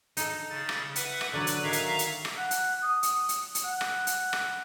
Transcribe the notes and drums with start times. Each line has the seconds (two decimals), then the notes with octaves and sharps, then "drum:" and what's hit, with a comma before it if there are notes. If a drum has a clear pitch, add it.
0.17 D#4 A4, drum: hi-hat
0.50 C#3 A6
0.69 drum: rim click
0.96 B4 E5 F#5, drum: hi-hat
1.21 drum: rim click
1.33 D3 F#3 B4 D5
1.47 drum: hi-hat
1.63 D#3 F#3 E5 F5 A#5
1.73 drum: hi-hat
1.99 drum: hi-hat
2.25 drum: rim click
2.37 F#5
2.51 drum: hi-hat
2.82 D#6
3.03 drum: hi-hat
3.29 drum: hi-hat
3.55 drum: hi-hat
3.64 F#5
3.81 drum: rim click
4.07 drum: hi-hat
4.33 drum: rim click